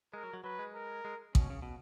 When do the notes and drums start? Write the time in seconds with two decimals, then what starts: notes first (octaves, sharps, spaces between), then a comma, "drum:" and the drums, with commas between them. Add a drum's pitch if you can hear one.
0.14 G#3 A#4
0.23 F#3
0.34 F#3
0.44 F#3 B4
0.59 G#3
0.74 A#4
1.05 G#3
1.35 B2 C#4, drum: kick A1
1.50 C#3
1.62 B2